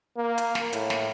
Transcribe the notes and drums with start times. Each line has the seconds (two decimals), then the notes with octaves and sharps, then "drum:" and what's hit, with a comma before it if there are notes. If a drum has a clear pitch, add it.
0.17 A#3
0.38 drum: hi-hat
0.55 drum: snare
0.73 A2, drum: hi-hat
0.90 drum: snare